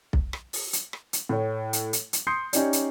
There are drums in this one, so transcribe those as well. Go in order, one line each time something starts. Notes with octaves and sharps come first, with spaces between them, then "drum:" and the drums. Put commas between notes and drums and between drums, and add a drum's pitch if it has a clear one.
drum: kick B1
drum: rim click
drum: open hi-hat
drum: hi-hat
drum: rim click
drum: hi-hat
A2 C#5
drum: hi-hat
drum: hi-hat
drum: hi-hat
C6 D#6 G6 C7 C#7
C#4 D#4 G4 D5, drum: hi-hat
drum: hi-hat